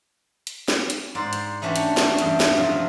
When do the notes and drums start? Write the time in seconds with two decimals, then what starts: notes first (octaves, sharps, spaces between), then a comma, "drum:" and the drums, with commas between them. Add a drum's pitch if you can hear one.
0.47 drum: hi-hat
0.68 drum: snare
0.90 drum: hi-hat
1.15 G#2 C5 D5
1.33 drum: hi-hat
1.62 E3 A3 C#4 D4 F#4 G4
1.76 drum: hi-hat
1.97 drum: snare
2.18 E2 G2 G5, drum: hi-hat
2.40 drum: snare
2.57 C3 F3 F#3